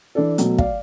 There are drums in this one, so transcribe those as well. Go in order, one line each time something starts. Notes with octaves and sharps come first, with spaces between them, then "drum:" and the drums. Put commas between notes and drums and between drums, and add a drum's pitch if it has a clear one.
E3 D4 A4
B2 F#3 A3, drum: hi-hat
D5 F5, drum: kick